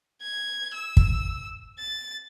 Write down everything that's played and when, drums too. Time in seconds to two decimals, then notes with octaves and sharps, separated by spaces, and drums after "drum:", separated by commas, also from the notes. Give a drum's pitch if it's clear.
0.21 G#6
0.73 E6
0.97 drum: kick
1.79 A6